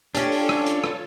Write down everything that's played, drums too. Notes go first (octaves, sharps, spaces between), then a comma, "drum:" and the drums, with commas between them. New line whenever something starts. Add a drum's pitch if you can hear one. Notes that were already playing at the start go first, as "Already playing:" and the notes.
C#4 D4 F4 G4 A4 C#5, drum: hi-hat
drum: open hi-hat
drum: rim click
drum: hi-hat
drum: rim click